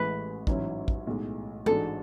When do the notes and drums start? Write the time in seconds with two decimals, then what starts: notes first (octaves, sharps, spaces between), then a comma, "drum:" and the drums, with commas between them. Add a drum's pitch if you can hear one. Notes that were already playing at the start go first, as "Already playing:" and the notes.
Already playing: A1 A2 E3 G#3 B4
0.47 A1 G#2 F#3 C#4 E4, drum: kick
0.88 drum: kick
1.07 B1 A2 G#3
1.66 A1 G#2 G#3 D4 F#4 A4, drum: tom